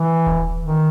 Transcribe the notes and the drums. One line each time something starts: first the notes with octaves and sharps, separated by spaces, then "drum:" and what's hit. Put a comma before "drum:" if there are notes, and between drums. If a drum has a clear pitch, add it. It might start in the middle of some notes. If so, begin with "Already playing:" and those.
Already playing: E3
drum: kick D#1
D#3